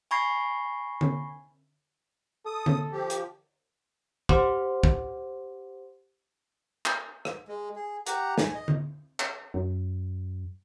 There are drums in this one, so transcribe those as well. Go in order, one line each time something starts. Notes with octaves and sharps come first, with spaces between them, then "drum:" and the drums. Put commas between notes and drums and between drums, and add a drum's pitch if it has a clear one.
G#5 B5 C#6 G#6 A#6 C7
drum: tom D3
A4 D#6
drum: tom D3
F3 G4
drum: hi-hat
G4 C5 F#5 C6 D6, drum: kick
drum: kick
drum: clap
drum: rim click
G#3
G#4
G4 F#5 A#5, drum: hi-hat
G#5, drum: snare
D#5
drum: tom D3
drum: clap
F#2